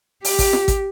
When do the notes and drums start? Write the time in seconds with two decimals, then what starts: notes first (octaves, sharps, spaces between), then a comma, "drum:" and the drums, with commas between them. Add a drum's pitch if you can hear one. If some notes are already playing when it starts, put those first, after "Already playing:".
0.25 G4, drum: open hi-hat
0.39 drum: kick G#1, open hi-hat
0.53 drum: snare
0.68 drum: kick G#1, hi-hat